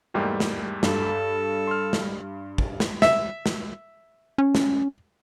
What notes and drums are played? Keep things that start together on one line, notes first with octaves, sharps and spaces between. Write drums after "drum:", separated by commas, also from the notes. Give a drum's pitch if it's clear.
E2 G#2 G3 A3 A#3 G4
drum: snare
G2 A4, drum: snare
C6 F6
drum: snare
drum: kick
drum: snare
E5, drum: snare
drum: snare
C#4
drum: snare